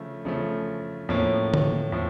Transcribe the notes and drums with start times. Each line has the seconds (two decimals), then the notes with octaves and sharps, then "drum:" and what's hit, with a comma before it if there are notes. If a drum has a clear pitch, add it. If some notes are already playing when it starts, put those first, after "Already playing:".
Already playing: C#3 F3 A3
0.25 C#3 F3 A3
1.09 A2 F3 A#3 C#4
1.54 drum: tom D3
1.92 A2 F3